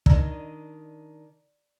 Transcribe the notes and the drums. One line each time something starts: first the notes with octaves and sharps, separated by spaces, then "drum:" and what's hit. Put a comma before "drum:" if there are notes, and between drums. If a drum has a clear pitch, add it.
D#3 D4 D5 D#5 A#5 E6, drum: kick